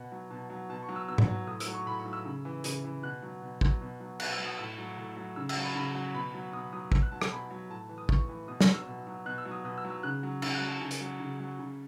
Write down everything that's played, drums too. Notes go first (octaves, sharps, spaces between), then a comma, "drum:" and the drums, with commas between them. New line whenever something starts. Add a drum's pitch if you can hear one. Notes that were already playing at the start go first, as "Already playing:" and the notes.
Already playing: B2 F#5
F#3
B2 A5
F#3
B2 A5
C#6
F#3
E6
B2 E6
drum: tom G#2
F#3
A2 D#6
E6, drum: hi-hat
F#3
C#6
A2 B5
C#6
F#3
E6
C#3
E3
C#3, drum: hi-hat
E3
B2 F#6
F#3
B2
F#3, drum: kick
B2
F#3
B2 F#6, drum: cymbal
E6
F#3
D#6
A2 E6
F#3
A2
F#3
C#3 E6
E6, drum: cymbal
F#3
B5
C#3 B5
F#3
B2 B5
F#3
B2 D#6
F#3 D#6
B2 E6, drum: kick
F#6
F#3 A5
G#5, drum: rim click
B2 B5
F#3
A2 A5
E3
D#6
A2 C#6, drum: kick
E3
B2 D#6
E6, drum: snare
F#3
E6
B2
F#3
B2 F#6
E6
F#3
D#6
B2 D#6
E6
F#3
E6
C#3 F#6
F#3
C#3 E6, drum: cymbal
F#6
F#3
A5
C#3 G#5
drum: hi-hat
F#3
C#3
F#3
C#3